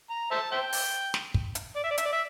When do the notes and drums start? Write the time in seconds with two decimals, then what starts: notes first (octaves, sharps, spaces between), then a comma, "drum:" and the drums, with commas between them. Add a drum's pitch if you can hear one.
0.10 A#5
0.31 C5 E5 A5
0.52 C5 E5 G5
0.73 drum: open hi-hat
1.14 drum: snare
1.34 drum: kick
1.55 drum: hi-hat
1.76 D5
1.84 E5
1.91 D5
1.98 E5, drum: hi-hat
2.06 D5
2.12 E5